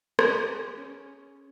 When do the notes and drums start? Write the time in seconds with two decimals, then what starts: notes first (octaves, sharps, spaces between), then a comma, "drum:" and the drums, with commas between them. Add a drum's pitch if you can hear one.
0.19 G4 G#4 A#5 G6, drum: rim click
0.77 C#4